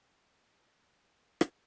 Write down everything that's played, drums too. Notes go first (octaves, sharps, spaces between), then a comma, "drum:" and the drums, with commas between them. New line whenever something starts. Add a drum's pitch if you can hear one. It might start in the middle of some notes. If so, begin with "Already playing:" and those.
Already playing: G3 A#3 D#4 G4
E2 B2 G3 C#4
C#3 E3 A#3
drum: rim click